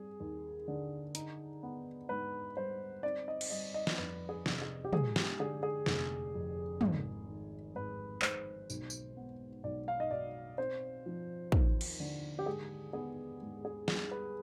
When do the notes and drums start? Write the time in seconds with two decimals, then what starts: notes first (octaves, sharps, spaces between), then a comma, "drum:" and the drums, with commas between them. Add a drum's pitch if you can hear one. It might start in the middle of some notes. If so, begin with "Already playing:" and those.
Already playing: G3 C4 G#4
0.20 D#2
0.68 D3
1.15 D#4, drum: hi-hat
1.63 B3
2.09 G#2 B4
2.57 G3 C5
3.03 C4 D5
3.28 D#5
3.41 drum: cymbal
3.50 G3 D#5
3.74 D#5
3.87 drum: snare
3.98 F2 B4
4.29 G#4
4.46 C3, drum: snare
4.62 G#4
4.85 G4
4.93 G#3 G#4, drum: tom
5.16 G4, drum: snare
5.40 D3 G#4
5.63 G#4
5.86 F1, drum: snare
6.34 F2
6.81 G#1, drum: tom
7.28 D#3
7.75 G#1 B4
8.22 G#2 C5, drum: clap
8.70 B1, drum: tambourine
8.90 drum: tambourine
9.17 B3
9.64 B1 D5
9.88 F5
10.00 D#5
10.11 B2 D5
10.58 C4 C5
11.06 F3
11.52 D#2, drum: kick
11.81 drum: cymbal
12.00 D3
12.39 G4
12.46 G#2 G#4
12.93 B3 G#4
13.42 G#2
13.65 G#4
13.88 G3 G#4, drum: snare
14.11 B4